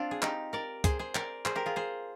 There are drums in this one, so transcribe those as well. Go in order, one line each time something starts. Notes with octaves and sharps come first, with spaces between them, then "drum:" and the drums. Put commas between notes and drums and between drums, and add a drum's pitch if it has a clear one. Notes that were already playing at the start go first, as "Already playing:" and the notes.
Already playing: C4 D4 F4
G#4
D#4 G4, drum: clap
A#4 D5
G#4 C5, drum: kick C#2, hi-hat
G#4 C5
A#4 D5, drum: clap
G#4 C5, drum: clap
G4 A#4
F4 G#4
G#4 C5